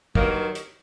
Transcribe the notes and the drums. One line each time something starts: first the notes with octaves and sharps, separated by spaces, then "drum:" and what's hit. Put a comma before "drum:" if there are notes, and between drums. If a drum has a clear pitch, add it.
G2 D#3 F#3 A#3, drum: kick
drum: hi-hat